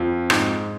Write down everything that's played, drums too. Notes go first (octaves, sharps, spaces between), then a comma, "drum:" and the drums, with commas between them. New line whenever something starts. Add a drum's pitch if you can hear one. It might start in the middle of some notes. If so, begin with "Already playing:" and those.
Already playing: F2
G#2, drum: rim click